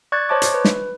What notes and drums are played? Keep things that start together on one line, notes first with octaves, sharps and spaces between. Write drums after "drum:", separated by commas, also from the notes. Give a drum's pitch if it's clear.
D5 C#6 F#6 G#6 A6
C5 C#5 D#5 A5 C#6 D6
drum: hi-hat
B4
drum: snare